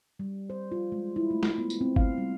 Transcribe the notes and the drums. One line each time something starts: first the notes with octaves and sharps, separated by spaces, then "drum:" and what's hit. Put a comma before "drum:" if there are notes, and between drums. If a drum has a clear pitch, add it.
G3
C5
F4
G#3
E4
A3
drum: snare
B3
drum: tambourine
C4
F5, drum: kick
G3